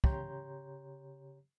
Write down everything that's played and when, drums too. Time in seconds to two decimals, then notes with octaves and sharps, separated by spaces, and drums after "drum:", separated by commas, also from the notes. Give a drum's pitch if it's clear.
0.04 C#3 G4 C#5 A#5 C6 G6, drum: kick